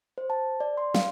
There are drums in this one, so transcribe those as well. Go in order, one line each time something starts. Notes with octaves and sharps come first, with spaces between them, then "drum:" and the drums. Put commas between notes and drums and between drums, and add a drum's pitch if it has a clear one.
C5
A5
D5
C6
F5, drum: snare